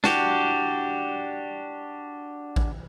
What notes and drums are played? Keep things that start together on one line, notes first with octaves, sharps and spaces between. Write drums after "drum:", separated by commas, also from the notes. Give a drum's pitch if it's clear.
D4 F#4 G4, drum: snare
drum: kick A1